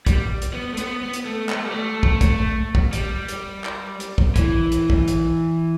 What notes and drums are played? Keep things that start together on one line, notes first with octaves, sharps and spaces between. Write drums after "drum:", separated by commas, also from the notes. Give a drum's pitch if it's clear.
G3, drum: kick, hi-hat
drum: hi-hat
B3
A3
B3, drum: hi-hat
B3
drum: hi-hat
A3
B3, drum: clap
A3
G3
A3
drum: kick
drum: kick, hi-hat
drum: kick
G3, drum: hi-hat
drum: hi-hat
drum: clap
drum: hi-hat
drum: kick
E3, drum: kick, hi-hat
drum: hi-hat
drum: kick
drum: hi-hat